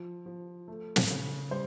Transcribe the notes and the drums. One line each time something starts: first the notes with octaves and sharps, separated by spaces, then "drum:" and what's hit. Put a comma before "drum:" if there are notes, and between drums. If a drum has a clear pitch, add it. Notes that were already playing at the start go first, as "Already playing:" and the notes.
Already playing: F3
F3
A3
drum: snare
C#3
G3 C5